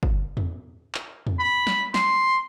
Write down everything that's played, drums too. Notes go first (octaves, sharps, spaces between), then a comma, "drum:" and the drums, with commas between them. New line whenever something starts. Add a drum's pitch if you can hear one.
drum: kick
drum: tom E2
drum: clap
drum: tom E2
B5
drum: snare
C6, drum: snare